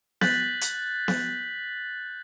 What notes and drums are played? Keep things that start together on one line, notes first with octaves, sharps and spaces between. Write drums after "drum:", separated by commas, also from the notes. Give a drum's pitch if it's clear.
F#6 G6 A6 B6 F#7, drum: snare B3
drum: hi-hat
drum: snare B3